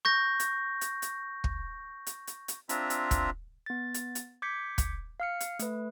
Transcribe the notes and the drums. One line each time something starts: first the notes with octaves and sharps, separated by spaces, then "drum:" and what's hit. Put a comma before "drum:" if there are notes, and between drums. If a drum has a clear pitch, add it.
C#6 G6 A#6
drum: hi-hat
drum: hi-hat
drum: hi-hat
drum: kick
drum: hi-hat
drum: hi-hat
drum: hi-hat
C4 D4 F4 E5 A#5, drum: hi-hat
drum: hi-hat
drum: kick, hi-hat
B3 A6
drum: hi-hat
drum: hi-hat
D6 G6 G#6 B6 C#7
drum: kick, hi-hat
F5 F6 C#7
drum: hi-hat
A3 B4, drum: hi-hat